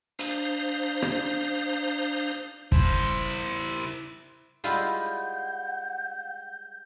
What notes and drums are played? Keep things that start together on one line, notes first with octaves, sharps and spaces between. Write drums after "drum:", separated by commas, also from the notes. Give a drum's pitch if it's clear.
D4 C5 F5 A#5 D#6 G6, drum: hi-hat
drum: rim click
E4 C5, drum: kick
G3 G#3 E4 F4 F5 F#5 G6, drum: hi-hat